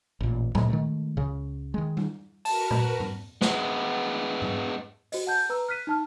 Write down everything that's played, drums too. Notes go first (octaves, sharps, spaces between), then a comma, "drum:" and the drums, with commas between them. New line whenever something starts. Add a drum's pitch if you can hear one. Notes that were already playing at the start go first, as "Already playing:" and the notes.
A1 A#2
D2 G#2 F#3 G#3, drum: tom A#2
D#3 E3 G#3 A3
C#2 C#3
D#3 G#3
drum: tom G3
F#4 A#4 B4 A5, drum: open hi-hat
drum: tom A#2
drum: tom G#2
G#3 B3, drum: snare
drum: tom G#2
F#4 C5 D#5, drum: open hi-hat
F#5 A5 G6
B4 A#5 E6
F6 F#6 B6 D#7
D#4 A5 F6